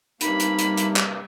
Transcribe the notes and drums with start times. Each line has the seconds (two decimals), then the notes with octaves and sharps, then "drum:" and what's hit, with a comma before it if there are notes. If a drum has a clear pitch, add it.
0.21 G2 C3 G3 A#3 D#4 B5, drum: hi-hat
0.40 drum: hi-hat
0.59 drum: hi-hat
0.77 drum: hi-hat
0.96 drum: clap